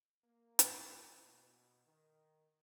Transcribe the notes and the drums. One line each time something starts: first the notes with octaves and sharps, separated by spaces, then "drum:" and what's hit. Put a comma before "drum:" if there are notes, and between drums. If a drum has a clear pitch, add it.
A#3
drum: hi-hat
B2
D#3